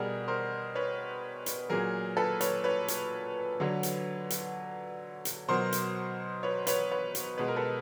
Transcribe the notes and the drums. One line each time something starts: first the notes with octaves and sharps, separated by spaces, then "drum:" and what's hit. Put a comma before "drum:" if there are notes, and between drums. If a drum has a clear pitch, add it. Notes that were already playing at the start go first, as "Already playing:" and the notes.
Already playing: B2 G3 G#4 A#4
A#4 C5
B4 C#5
drum: hi-hat
A#2 F#3 G#4 A#4
A4 B4
B4 C#5, drum: hi-hat
B4 C#5
drum: hi-hat
D3 F#3
drum: hi-hat
drum: hi-hat
drum: hi-hat
B2 F#3 A#4 C5
drum: hi-hat
B4 C#5
B4 C#5, drum: hi-hat
B4 C#5
drum: hi-hat
B2 G#3 B4
A#4
A4 B4